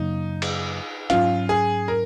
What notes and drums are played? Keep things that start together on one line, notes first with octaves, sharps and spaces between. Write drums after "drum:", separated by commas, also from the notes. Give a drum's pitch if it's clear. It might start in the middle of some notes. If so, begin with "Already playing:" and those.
Already playing: F#2 C#3 F#3 A#3 D#4
drum: cymbal
G#2 F#3 C#4 F4, drum: hi-hat
G#4
A#4